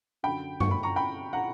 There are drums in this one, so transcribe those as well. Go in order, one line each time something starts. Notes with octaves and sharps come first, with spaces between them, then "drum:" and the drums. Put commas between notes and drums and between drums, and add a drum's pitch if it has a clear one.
F#2 D3 G5 B5
C#6, drum: tom G2
B5
A#5 C#6
G5 B5
F#5 A#5